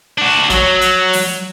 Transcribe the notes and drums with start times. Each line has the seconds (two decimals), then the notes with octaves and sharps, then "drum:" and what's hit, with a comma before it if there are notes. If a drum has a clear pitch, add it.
0.18 D4 F#4
0.50 F#3, drum: kick, hi-hat
0.81 drum: hi-hat
1.13 drum: open hi-hat